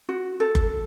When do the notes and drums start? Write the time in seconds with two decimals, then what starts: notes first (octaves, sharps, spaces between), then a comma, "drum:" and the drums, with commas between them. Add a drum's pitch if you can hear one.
0.09 F#4
0.40 A4
0.55 drum: kick F#1